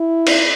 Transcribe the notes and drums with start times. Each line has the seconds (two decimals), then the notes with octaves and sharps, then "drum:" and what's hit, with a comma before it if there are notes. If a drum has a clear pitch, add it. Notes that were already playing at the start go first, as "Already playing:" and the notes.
Already playing: E4
0.27 drum: cymbal